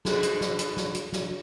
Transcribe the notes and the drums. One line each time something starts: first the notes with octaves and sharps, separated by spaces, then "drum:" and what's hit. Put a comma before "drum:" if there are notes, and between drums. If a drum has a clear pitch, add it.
G2 B2 F#4 G#4 A4, drum: snare
drum: hi-hat
drum: snare
drum: hi-hat
drum: snare
drum: hi-hat
drum: snare